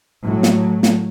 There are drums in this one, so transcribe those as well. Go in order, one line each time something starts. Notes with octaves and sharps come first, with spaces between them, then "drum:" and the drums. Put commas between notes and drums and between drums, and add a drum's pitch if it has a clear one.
A2 F#3
drum: snare
drum: snare